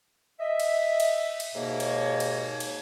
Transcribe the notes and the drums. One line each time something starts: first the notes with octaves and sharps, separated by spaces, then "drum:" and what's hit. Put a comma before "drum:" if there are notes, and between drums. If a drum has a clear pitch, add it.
D#5 E5
drum: cymbal
drum: cymbal
drum: cymbal
D#2 G#2 B2 A#3 C#5
drum: cymbal
drum: cymbal
drum: cymbal